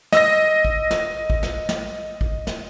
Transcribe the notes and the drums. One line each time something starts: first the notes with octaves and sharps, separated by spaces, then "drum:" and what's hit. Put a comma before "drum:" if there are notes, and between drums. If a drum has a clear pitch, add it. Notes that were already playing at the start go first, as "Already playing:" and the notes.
D#5 E6 A#6, drum: snare
drum: kick A1
drum: snare
drum: kick A1
drum: snare
drum: snare
drum: kick A1
drum: snare